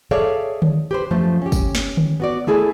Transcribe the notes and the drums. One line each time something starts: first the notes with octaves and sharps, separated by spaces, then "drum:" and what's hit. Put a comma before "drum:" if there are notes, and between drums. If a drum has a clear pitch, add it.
G#4 A4 C#5 D5 E5 F5
drum: tom D3
G4 B4 C5
F#2 F3 A3 C5
C#4 G4
drum: kick, tambourine
drum: snare
drum: tom D3
B3 F#4 D5
A3 E4 G#4 A4 G#5